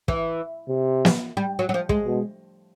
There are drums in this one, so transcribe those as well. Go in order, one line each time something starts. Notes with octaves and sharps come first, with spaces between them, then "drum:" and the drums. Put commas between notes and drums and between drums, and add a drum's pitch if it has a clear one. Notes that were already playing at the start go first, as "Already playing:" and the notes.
E3, drum: kick
C3
drum: snare
G3
F#3
F#3
F3
G#3, drum: kick
B2